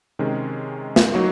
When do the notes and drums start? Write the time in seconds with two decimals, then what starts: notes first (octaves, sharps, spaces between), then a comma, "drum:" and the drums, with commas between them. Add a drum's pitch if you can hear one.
0.19 C3 D#3 G#3 C#4
0.96 drum: snare
1.14 F#3 A#3 D#4 F#4